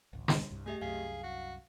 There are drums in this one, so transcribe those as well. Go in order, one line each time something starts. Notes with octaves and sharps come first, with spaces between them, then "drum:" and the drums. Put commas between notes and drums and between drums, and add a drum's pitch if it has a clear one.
G#1 C#2
drum: snare
C2 G2
A3 G4 G#4 E5
C2 F#2 G#4 F5 C7
F#4